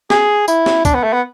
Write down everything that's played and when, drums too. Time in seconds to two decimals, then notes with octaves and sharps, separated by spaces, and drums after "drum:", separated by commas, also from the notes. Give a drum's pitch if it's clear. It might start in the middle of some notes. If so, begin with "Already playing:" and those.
0.10 G#4, drum: snare
0.48 E4, drum: tambourine
0.66 drum: snare
0.85 D4, drum: kick C#2, tambourine
0.94 B3
1.03 A3
1.13 B3